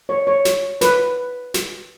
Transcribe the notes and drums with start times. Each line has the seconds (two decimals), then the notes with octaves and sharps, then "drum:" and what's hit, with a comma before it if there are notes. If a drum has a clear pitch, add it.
0.09 C#5
0.27 C#5
0.45 drum: snare
0.81 B4, drum: snare
1.54 drum: snare